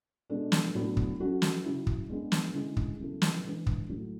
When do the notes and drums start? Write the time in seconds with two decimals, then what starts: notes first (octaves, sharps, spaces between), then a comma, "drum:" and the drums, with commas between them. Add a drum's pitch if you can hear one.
0.30 B2 G#3 D4 A4
0.52 drum: snare
0.75 A2 F#3 B3 D4
0.97 drum: kick
1.20 F#3 C#4 F#4 A4
1.42 drum: snare
1.64 C#3 F#3 C#4 E4
1.87 drum: kick
2.09 G#3 B3 D4 G#4
2.32 drum: snare
2.54 D3 G#3 C#4 E4 G#4
2.77 drum: kick
2.99 C#3 F#3 B3 E4 A4
3.22 drum: snare
3.44 E3 G#3 D4 G#4 B4
3.67 drum: kick
3.89 A2 F#3 A3 E4